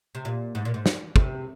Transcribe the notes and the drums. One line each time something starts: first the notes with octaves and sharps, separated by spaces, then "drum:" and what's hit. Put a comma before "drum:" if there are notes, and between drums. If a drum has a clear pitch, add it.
C3
A#2
G#2
A#2
G#2
drum: snare
C3, drum: kick